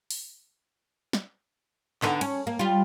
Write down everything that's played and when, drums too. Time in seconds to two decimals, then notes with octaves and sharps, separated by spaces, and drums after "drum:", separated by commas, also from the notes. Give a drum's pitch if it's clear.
0.11 drum: open hi-hat
1.13 drum: snare
2.02 D3 B3 D#4, drum: clap
2.21 C#4, drum: cymbal
2.47 A#3
2.59 G3 F4